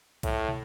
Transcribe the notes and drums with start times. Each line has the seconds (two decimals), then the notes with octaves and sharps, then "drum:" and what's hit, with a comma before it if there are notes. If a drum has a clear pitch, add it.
0.23 A2, drum: kick B1, cymbal
0.48 drum: tom